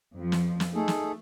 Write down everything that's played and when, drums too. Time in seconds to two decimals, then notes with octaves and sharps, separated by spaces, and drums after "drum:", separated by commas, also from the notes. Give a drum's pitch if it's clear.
0.16 F2 F3
0.32 drum: snare
0.60 drum: snare
0.74 A3 D#4 G#4 A4
0.88 drum: snare